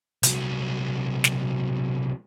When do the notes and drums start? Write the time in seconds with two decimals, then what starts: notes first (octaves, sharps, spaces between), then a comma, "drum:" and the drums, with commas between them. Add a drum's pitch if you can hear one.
0.23 C2 F#3, drum: hi-hat
1.24 drum: snare